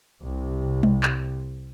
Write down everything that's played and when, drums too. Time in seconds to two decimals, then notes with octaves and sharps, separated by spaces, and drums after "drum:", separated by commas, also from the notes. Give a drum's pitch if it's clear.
0.23 C2 C3
0.83 drum: tom G3
1.03 drum: clap